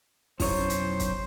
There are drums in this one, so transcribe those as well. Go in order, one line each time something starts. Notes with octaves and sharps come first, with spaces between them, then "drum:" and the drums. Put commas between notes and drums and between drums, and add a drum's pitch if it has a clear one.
B1 F2 C#4 E4 C5 C#5, drum: kick, open hi-hat
drum: hi-hat
drum: kick, hi-hat